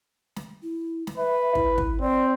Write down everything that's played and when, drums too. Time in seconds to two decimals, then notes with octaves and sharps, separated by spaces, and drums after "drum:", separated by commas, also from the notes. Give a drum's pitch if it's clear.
0.36 drum: snare
0.63 E4
1.07 drum: snare
1.18 B4 E5
1.55 E4, drum: kick
1.78 drum: kick
2.01 C4 D5